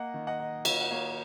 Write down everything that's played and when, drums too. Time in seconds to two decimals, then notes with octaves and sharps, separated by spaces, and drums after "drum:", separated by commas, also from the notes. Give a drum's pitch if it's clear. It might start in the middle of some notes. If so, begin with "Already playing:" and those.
Already playing: A#3 D#5 F#5
0.14 D#3
0.27 D#5 F#5
0.39 D#4
0.65 D#3 C#5 F5, drum: cymbal
0.81 F#5
0.91 A#3 C#5 F5